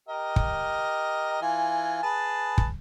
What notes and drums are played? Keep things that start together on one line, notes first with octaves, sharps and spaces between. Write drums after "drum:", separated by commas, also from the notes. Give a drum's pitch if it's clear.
G4 A#4 D#5
drum: kick
E3 F4 G#5
G#4 B4 A5
drum: kick